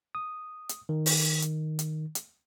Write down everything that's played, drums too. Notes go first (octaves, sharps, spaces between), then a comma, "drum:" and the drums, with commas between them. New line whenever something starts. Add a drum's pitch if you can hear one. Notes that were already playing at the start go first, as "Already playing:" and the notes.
D#6
drum: hi-hat
D#3
drum: open hi-hat
drum: hi-hat
drum: hi-hat
drum: hi-hat